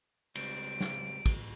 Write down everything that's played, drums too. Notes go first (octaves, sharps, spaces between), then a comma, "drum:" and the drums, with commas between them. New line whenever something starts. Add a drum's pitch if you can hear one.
C#2 G3 C4 D7, drum: cymbal
drum: snare
drum: kick, cymbal